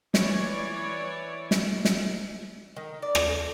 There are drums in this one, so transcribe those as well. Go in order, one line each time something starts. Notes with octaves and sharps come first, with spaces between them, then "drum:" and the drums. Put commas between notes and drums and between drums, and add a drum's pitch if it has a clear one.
E3 C#5 D5, drum: snare
drum: snare
drum: snare
D#3
D5
A4, drum: rim click